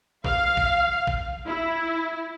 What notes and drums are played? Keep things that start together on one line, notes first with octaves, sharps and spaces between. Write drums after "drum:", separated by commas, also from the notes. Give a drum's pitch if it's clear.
F5, drum: kick
drum: kick
drum: kick
E4